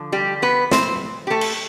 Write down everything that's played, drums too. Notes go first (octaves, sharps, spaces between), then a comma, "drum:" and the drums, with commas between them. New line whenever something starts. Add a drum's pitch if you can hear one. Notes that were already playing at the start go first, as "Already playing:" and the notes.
Already playing: D3 F3
G3 G4
B3 B4
C4 C5, drum: snare
G4
A3 A4
drum: cymbal